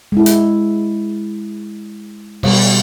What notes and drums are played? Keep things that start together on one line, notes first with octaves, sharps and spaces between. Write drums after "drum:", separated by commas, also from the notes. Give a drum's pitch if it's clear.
G#3 E4
drum: hi-hat
B2 G3, drum: cymbal